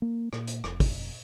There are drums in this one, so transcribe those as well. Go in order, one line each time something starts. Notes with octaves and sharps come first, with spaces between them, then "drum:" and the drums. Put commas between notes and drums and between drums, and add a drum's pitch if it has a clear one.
A#3
A#2, drum: rim click
drum: hi-hat
F1, drum: rim click
drum: kick, open hi-hat